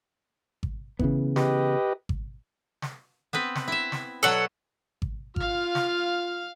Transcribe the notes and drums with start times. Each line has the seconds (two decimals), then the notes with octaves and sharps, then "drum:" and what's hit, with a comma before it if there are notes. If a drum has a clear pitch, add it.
0.63 drum: kick G#1
0.99 C#3 E3 B3, drum: kick G#1
1.36 G4 B4 D#5, drum: snare
2.09 drum: kick G#1
2.82 drum: snare
3.33 B3 C4 B4
3.55 drum: snare
3.68 E4 E5
3.92 drum: snare
4.23 B2 F#3 A4 C#5 F#5
5.02 drum: kick G#1
5.36 F4 F5 F6, drum: kick G#1
5.75 drum: snare